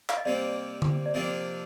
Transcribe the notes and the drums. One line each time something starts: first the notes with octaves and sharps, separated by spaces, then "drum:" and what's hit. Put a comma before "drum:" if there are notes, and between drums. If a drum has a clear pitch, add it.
F5, drum: clap
D#5
C3 G3 A#3 D5
drum: tom D3
D5
C3 F3 A#3 D4 D#5